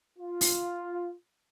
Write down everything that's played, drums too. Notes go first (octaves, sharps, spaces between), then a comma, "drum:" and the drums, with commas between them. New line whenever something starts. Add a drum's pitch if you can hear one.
F4
drum: open hi-hat